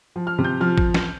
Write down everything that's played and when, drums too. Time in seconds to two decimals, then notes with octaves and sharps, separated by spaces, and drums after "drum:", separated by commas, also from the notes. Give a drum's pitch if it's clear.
0.16 F3
0.27 F6
0.38 C3
0.44 G6
0.60 F3 F6
0.78 drum: kick
0.94 drum: snare